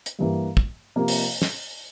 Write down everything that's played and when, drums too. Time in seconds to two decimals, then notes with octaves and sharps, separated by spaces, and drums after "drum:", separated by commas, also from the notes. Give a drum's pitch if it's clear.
0.06 drum: hi-hat
0.19 G2 E3 A#3
0.57 drum: kick
0.96 C3 F3 A#3
1.08 drum: open hi-hat
1.42 drum: snare